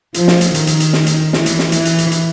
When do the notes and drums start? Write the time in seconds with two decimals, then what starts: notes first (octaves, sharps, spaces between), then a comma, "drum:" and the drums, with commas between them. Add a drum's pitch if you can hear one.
0.14 F3, drum: hi-hat
0.28 drum: snare
0.41 drum: hi-hat
0.54 D#3, drum: hi-hat
0.67 drum: hi-hat
0.80 drum: hi-hat
0.93 drum: snare
1.06 drum: hi-hat
1.33 E3, drum: snare
1.46 drum: hi-hat
1.59 drum: snare
1.72 E3, drum: hi-hat
1.85 drum: hi-hat
1.98 drum: hi-hat
2.12 drum: hi-hat